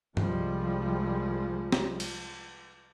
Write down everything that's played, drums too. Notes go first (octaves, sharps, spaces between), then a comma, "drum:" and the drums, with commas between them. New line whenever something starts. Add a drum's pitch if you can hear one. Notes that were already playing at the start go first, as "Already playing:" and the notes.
C2 F3 G3 G#3, drum: tom G2
drum: snare
drum: cymbal